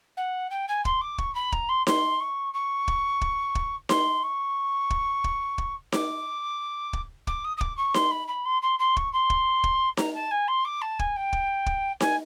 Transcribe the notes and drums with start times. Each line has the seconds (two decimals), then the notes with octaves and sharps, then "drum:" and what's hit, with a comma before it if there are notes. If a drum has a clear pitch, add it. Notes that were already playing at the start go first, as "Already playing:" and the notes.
0.17 F#5
0.51 G5
0.69 G#5
0.85 C6, drum: kick
1.01 D6
1.18 C#6, drum: kick
1.35 B5
1.52 A#5, drum: kick
1.69 C6
1.87 C6, drum: snare D#4
2.20 C#6
2.54 C#6
2.88 drum: kick
3.21 drum: kick
3.55 drum: kick
3.89 C6, drum: snare D#4
4.23 C#6
4.90 drum: kick
5.24 drum: kick
5.58 drum: kick
5.92 D6, drum: snare D#4
6.93 drum: kick
7.27 D6, drum: kick
7.45 D#6
7.57 D#6
7.61 D6, drum: kick
7.77 C#6
7.94 C6, drum: snare D#4
8.11 B5
8.28 B5
8.45 C6
8.62 C6
8.79 C6
8.97 C#6, drum: kick
9.13 C6
9.30 drum: kick
9.64 drum: kick
9.97 A#5, drum: snare D#4
10.14 A5
10.31 G#5
10.48 C6
10.65 D6
10.82 A5
10.99 G#5, drum: kick
11.16 G5
11.33 drum: kick
11.66 drum: kick
12.00 G#5, drum: snare D#4